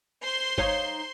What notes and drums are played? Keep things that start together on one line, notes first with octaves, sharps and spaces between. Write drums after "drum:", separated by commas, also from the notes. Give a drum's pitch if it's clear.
C5 C6
D#4 C#5 F5, drum: kick